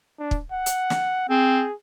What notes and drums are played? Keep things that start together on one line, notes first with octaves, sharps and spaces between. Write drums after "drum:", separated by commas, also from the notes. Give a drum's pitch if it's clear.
D4
drum: kick
F#5
drum: hi-hat
drum: snare
C4 G#4